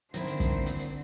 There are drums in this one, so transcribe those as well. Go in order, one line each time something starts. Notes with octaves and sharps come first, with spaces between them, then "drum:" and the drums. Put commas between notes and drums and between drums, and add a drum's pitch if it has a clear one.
D3 D#3 A#3 C4 E4 C5, drum: hi-hat
drum: hi-hat
drum: kick, hi-hat
drum: hi-hat
drum: hi-hat